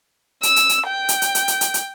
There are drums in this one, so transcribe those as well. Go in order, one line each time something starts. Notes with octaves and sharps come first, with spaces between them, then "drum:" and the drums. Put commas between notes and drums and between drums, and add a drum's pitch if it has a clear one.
E6, drum: hi-hat
drum: hi-hat
drum: hi-hat
G5
drum: hi-hat
drum: hi-hat
drum: hi-hat
drum: hi-hat
drum: hi-hat
drum: hi-hat